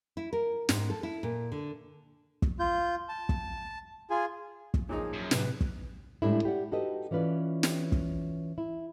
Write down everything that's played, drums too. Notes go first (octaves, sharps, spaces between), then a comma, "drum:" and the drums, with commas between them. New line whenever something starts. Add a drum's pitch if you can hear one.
E4
A#4
G#2, drum: snare
A4
E4
A#2
D3
drum: kick
F4 G6
A5
drum: kick
F4 G#4 G#5
drum: kick
A#2 F3 D#4 G#4 C#5
F#2
A2 C3 B4, drum: snare
drum: kick
A2 G3 G#3 C#4 D4 E4
G4 D5 F#5
D#4 F#4 G4 A4 B4 D#5
E3 C#4 F4 B4 D5
drum: snare
drum: kick
E4